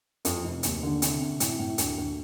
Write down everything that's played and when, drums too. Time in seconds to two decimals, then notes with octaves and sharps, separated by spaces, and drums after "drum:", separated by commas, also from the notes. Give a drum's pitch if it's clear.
0.25 F2, drum: hi-hat
0.44 F1
0.63 D#2, drum: hi-hat
0.83 D3
1.02 C3, drum: hi-hat
1.21 C3
1.40 A2, drum: hi-hat
1.59 A2
1.78 D2, drum: hi-hat
1.97 D2